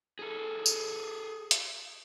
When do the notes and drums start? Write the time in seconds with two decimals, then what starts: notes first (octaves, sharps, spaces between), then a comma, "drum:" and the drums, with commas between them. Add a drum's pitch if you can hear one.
0.19 G#4 A4
0.66 drum: tambourine
1.51 drum: hi-hat